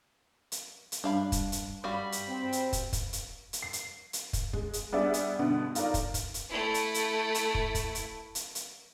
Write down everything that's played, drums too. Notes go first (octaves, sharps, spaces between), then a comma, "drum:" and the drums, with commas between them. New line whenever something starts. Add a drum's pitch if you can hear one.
drum: hi-hat
drum: hi-hat
G2 D4 F5 B5
drum: kick, hi-hat
drum: hi-hat
G3 F#4 F5 B5
drum: hi-hat
C4
drum: hi-hat
drum: kick, hi-hat
drum: kick, hi-hat
drum: hi-hat
drum: hi-hat
C7
drum: hi-hat
drum: hi-hat
drum: kick, hi-hat
G#3, drum: kick
drum: hi-hat
G3 B3 D4 G#4 D5 E5
drum: hi-hat
G2 B2 D3 B3
D#4 F4 A4 A#4 D5, drum: hi-hat
drum: kick, hi-hat
drum: kick, hi-hat
drum: hi-hat
A3 E4
drum: hi-hat
drum: hi-hat
drum: hi-hat
drum: kick
drum: kick, hi-hat
drum: hi-hat
drum: hi-hat
drum: hi-hat